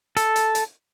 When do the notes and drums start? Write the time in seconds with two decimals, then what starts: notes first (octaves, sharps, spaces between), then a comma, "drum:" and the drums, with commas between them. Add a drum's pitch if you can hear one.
0.17 A4, drum: hi-hat
0.36 drum: hi-hat
0.55 drum: hi-hat